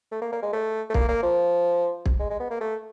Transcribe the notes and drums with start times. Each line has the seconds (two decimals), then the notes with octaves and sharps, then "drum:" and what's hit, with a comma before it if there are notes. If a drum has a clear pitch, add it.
0.11 A3
0.22 A#3
0.32 A#3
0.42 G#3
0.53 A3
0.90 A3
0.94 A#3, drum: kick
1.08 A#3
1.23 F3
2.06 drum: kick
2.19 G#3
2.30 G#3
2.40 B3
2.51 A#3
2.61 A3